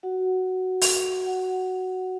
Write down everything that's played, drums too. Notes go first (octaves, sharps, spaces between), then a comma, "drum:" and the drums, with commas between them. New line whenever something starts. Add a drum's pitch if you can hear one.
F#4 F#5
drum: open hi-hat
F#4 F#5